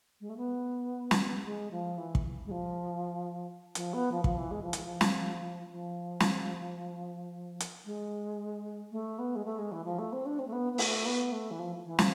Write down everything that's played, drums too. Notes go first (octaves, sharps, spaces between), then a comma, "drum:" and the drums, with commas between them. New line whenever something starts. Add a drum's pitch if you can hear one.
G#3
A3
B3
drum: snare
G#3
F3
E3
drum: kick
G#3
F3
F3, drum: hi-hat
B3
F3
F3, drum: kick
E3
G#3
F3
E3, drum: hi-hat
F3
drum: snare
F3
drum: snare
drum: hi-hat
G#3
A3
B3
G#3
A3
G#3
E3
F3
A3
C4
D4
C4
A3
B3
B3
A3, drum: open hi-hat
B3
A3
E3
F3
E3
F3, drum: snare